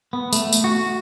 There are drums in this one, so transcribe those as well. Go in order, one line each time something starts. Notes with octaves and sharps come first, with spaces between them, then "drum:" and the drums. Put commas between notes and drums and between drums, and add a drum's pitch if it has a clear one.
B3
A3, drum: tambourine
drum: tambourine
F#4